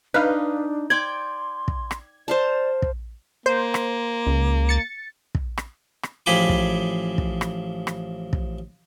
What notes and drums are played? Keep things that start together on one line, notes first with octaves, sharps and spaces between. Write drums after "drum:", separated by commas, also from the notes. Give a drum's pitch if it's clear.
D4 D#4 B4 F5
D5 G5 C6 D6 G#6
drum: kick
drum: rim click
C5 D5 F5 A5
drum: kick
A#3 C5
drum: rim click
C#2
A6 C#7
drum: kick
drum: rim click
drum: rim click
A1 F3 G#4 G5 B5 D6
drum: kick
drum: kick
drum: rim click
drum: rim click
drum: kick